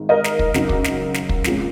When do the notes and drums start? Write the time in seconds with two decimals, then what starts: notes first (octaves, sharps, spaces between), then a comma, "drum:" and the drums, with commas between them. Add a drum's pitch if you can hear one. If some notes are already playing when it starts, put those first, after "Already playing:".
Already playing: G#1 G#2 D#3 G#3
0.09 A#4 D#5
0.24 drum: snare
0.39 drum: kick
0.54 F#2 C#3 F#3 D#4, drum: snare
0.69 drum: kick
0.84 drum: snare
1.14 drum: snare
1.29 drum: kick
1.44 A#1 A#2 G#3 C#4, drum: snare